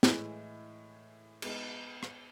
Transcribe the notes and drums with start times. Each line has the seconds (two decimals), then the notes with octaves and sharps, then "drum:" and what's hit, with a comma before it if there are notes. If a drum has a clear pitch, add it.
0.03 A2 E3 G#3, drum: snare
1.42 G#3 B3 D#4, drum: cymbal
2.03 drum: rim click